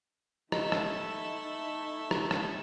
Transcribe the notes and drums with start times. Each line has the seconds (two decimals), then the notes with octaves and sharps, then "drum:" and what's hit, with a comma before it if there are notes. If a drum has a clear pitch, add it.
0.52 A3 D#4 E4 A4 D#5, drum: rim click
0.72 drum: rim click
2.11 drum: rim click
2.31 drum: rim click